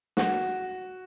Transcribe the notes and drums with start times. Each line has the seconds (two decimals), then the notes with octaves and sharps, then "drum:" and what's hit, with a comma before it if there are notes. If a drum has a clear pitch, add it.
0.17 F#4, drum: snare